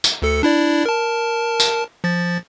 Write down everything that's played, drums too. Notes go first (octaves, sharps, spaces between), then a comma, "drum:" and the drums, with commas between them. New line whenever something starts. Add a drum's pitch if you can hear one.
drum: tambourine
D2 A4 C#7
D4 E4 D5
A#4 A5
drum: tambourine
F3 A6